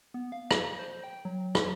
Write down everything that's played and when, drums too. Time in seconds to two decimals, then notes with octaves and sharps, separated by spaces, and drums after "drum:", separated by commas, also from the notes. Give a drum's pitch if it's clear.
0.14 B3
0.32 F5
0.51 drum: rim click
0.79 C5
1.04 G5
1.25 F#3
1.55 drum: rim click